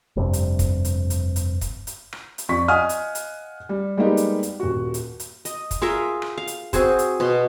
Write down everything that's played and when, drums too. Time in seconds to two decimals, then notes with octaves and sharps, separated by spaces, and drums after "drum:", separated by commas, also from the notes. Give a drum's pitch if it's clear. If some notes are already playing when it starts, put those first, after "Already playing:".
0.16 F1 G2 C3
0.33 drum: hi-hat
0.59 drum: kick, hi-hat
0.85 drum: hi-hat
1.10 drum: hi-hat
1.36 drum: hi-hat
1.61 drum: kick, hi-hat
1.87 drum: hi-hat
2.13 drum: rim click
2.38 drum: hi-hat
2.49 F2 F3 D5 C#6 B6
2.68 D#5 F5 F#5 G#5 D#6 F6
2.89 drum: hi-hat
3.15 drum: hi-hat
3.69 G3
3.98 G3 G#3 A#3 B3 D#4 G4
4.17 drum: hi-hat
4.43 drum: hi-hat
4.60 D#1 F#4
4.94 drum: hi-hat
5.20 drum: hi-hat
5.45 D#5, drum: hi-hat
5.71 drum: kick, hi-hat
5.82 F4 G#4 A#4 E5
6.22 drum: rim click
6.38 F5
6.47 drum: hi-hat
6.73 C4 F#4 G#4 C5, drum: kick, hi-hat
6.99 drum: hi-hat
7.20 B2 C6